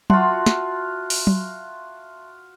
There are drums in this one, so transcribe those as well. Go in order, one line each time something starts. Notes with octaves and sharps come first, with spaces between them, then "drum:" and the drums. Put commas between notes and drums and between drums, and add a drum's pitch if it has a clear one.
F4 F#4 E5 A5 C6, drum: tom F#3
drum: snare
drum: open hi-hat
drum: tom F#3